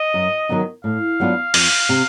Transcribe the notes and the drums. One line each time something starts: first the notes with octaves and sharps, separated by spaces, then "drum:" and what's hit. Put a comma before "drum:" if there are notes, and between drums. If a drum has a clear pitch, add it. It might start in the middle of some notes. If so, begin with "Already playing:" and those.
Already playing: D#5
F#2
D#3 F#3 B3 D#4
A2 F5
F#3 B3 D4 F4
F2, drum: open hi-hat
C3